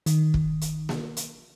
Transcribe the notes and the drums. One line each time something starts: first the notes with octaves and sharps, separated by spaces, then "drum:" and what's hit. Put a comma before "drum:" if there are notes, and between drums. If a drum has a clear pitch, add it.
D#3, drum: hi-hat
drum: kick
drum: hi-hat
drum: snare A#3
drum: hi-hat